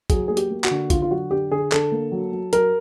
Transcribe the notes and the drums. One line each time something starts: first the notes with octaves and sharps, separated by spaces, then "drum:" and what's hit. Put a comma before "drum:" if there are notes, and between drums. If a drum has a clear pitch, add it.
F#3 G#4, drum: kick, hi-hat
A#3 G#4
G4, drum: hi-hat
A#3
F#4, drum: clap
D3
D3 F4, drum: kick, hi-hat
F4
F#3 F#4
D3 G4
D3 G#4
D3 A4, drum: clap
A#3
F#3
F#3
F#3 A#4, drum: hi-hat